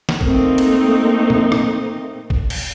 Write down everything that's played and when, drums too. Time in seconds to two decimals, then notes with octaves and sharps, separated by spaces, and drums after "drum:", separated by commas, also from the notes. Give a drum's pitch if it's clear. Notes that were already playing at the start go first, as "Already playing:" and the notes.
0.09 drum: snare
0.21 A3 A#3 C4 D#4, drum: kick
0.58 drum: cymbal
1.30 drum: tom A#2
1.52 drum: rim click
2.30 drum: kick
2.50 drum: cymbal